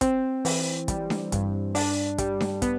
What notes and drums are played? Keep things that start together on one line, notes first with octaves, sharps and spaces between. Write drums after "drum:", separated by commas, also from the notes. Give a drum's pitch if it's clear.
C4, drum: kick, hi-hat
E3, drum: open hi-hat
G3, drum: kick, hi-hat
drum: snare D4
G2, drum: kick, hi-hat
D4, drum: open hi-hat
G3, drum: kick, hi-hat
drum: snare D4
B3, drum: kick, hi-hat